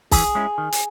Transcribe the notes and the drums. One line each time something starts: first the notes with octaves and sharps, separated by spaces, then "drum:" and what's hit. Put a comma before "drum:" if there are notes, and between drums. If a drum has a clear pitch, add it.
E3 G#4, drum: kick, open hi-hat
G#3 C#4 E4
D#3
drum: hi-hat